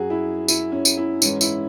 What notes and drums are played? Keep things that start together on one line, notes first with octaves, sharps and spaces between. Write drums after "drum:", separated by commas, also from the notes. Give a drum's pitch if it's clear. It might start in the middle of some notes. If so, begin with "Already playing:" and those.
Already playing: F#2 F#3 F#4 G#4
E4
E4, drum: tambourine
C#4
drum: tambourine
E4
G#2 E3 C#4, drum: tambourine
E4, drum: tambourine